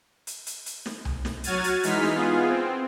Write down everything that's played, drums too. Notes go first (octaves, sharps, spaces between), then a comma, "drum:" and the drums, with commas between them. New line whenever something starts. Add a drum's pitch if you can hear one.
drum: hi-hat
drum: hi-hat
drum: hi-hat
drum: snare
drum: tom C2
drum: snare
F#3 F#4 F6 G#6 A6 D#7, drum: hi-hat
drum: hi-hat
E3 G#3 D#4 F6 B6, drum: hi-hat
drum: snare
B3 F4 G#4
C4